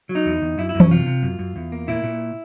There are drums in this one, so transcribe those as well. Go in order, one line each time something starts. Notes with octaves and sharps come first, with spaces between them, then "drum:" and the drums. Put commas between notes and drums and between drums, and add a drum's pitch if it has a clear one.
F#3
D#4
E2
E2
F#2 E4
E4
F#2
C#4, drum: tom E3
C3 F4
C3
F#2
F#2
E2
A#3
A#2 E4
A#2